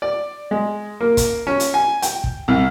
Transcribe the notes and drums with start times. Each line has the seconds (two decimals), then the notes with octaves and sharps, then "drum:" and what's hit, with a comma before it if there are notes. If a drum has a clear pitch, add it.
0.02 D5
0.51 G#3
1.00 A#3
1.17 drum: kick, hi-hat
1.47 C#4
1.60 drum: hi-hat
1.74 G#5
2.02 G5, drum: hi-hat
2.24 drum: kick
2.48 C2